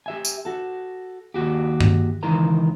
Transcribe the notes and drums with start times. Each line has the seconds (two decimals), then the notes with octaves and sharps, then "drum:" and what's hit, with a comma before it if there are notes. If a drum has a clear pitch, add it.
0.06 G4 E5 G#5
0.25 drum: tambourine
0.45 F#4 A4
1.34 D#2 A#2 F#4 G4
1.81 drum: tom G2
2.23 C#2 D#3 E3 A#4 C5 A#5